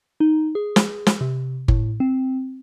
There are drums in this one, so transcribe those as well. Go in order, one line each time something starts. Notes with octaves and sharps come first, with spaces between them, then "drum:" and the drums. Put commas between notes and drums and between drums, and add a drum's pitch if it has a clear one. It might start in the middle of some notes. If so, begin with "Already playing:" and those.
D#4
G#4
drum: snare
drum: snare
C3
A2, drum: kick G1
C4